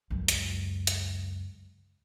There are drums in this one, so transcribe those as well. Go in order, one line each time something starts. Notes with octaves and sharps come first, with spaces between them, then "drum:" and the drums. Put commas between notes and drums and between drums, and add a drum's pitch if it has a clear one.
C#2 F#2
drum: hi-hat
drum: hi-hat